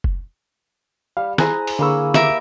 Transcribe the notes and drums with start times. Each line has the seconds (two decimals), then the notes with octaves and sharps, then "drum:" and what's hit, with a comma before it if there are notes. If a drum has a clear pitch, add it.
0.04 drum: kick F1
1.17 G3 F5
1.38 E4 G#4 C5 A#5 F#6, drum: snare
1.67 drum: open hi-hat
1.79 D3 A#3 G#4 B5 C#6 E6
2.14 G4 A#4 E5 D6, drum: snare